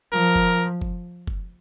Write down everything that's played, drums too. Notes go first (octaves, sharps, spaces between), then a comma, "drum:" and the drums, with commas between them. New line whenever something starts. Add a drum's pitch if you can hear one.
F3 A#4
drum: kick
drum: kick
drum: kick